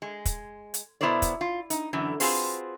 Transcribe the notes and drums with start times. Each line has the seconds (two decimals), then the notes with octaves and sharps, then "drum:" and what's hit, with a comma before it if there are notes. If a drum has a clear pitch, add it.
0.02 G#3
0.25 drum: kick, hi-hat
0.74 drum: hi-hat
1.01 B2 B3 E4 A#4 C5 D5
1.22 drum: kick, hi-hat
1.41 F4
1.70 D#4, drum: hi-hat
1.93 F#2 D3 E3
2.20 C4 F4 F#4 G#4 B4 C5, drum: open hi-hat